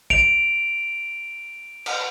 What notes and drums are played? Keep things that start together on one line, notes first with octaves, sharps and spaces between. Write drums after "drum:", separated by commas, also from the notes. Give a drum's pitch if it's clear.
D7 F7, drum: kick A#1
drum: cymbal